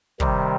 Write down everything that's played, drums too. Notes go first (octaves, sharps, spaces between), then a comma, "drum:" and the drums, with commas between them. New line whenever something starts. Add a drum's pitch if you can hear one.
C3 D#3 G3, drum: kick